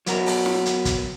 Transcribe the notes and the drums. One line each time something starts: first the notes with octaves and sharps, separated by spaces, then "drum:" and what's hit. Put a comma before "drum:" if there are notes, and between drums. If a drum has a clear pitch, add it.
F#3 B3 A#4, drum: hi-hat
drum: open hi-hat
drum: snare
drum: hi-hat
drum: kick, hi-hat